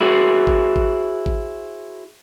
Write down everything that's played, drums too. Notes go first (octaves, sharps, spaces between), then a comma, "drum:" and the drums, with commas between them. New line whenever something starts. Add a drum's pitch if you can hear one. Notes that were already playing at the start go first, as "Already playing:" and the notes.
E4 F#4 G#4 C5
drum: kick
drum: kick
drum: kick